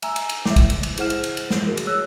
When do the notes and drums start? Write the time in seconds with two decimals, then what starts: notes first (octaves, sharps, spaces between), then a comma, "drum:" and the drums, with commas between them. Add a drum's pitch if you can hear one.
0.02 E5 G#5 A#5 E6, drum: cymbal
0.16 drum: cymbal
0.29 drum: cymbal
0.46 E5 D6, drum: snare
0.56 drum: kick, cymbal
0.70 drum: cymbal
0.83 drum: cymbal
0.97 E4 G#4 C5 F#5 F6 E7, drum: cymbal
1.10 drum: cymbal
1.24 drum: cymbal
1.37 drum: cymbal
1.50 drum: snare
1.67 F#4 G#4 A#4
1.77 drum: cymbal
1.87 G#4 C#5 E6 F#6